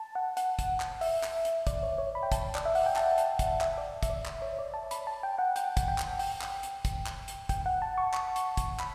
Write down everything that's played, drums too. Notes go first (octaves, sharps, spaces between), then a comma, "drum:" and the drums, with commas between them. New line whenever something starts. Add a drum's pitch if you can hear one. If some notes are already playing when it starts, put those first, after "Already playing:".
Already playing: A5
F#5
F#5, drum: hi-hat
drum: kick, hi-hat
drum: clap
E5, drum: open hi-hat
drum: clap
drum: hi-hat
D5, drum: kick, hi-hat
C#5
C#5
B5
G5
A5, drum: kick, hi-hat
D5, drum: clap
E5
F#5, drum: open hi-hat
G5
A5, drum: clap
drum: hi-hat
drum: kick, hi-hat
E5, drum: clap
D5
E5, drum: kick, hi-hat
D5
drum: clap
C#5
D5
A5
B5, drum: hi-hat
A5
G5
F#5
G5, drum: hi-hat
drum: kick, hi-hat
G5
drum: clap
G5, drum: open hi-hat
drum: clap
drum: hi-hat
drum: kick, hi-hat
drum: clap
drum: hi-hat
G5, drum: kick, hi-hat
F#5
A5
C#6
C#6, drum: clap
drum: hi-hat
drum: kick, hi-hat
B5, drum: clap